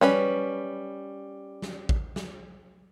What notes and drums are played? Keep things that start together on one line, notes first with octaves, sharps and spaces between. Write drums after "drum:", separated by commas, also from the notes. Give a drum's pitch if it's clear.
G3 C#4 B4, drum: snare
drum: snare
drum: kick A1
drum: snare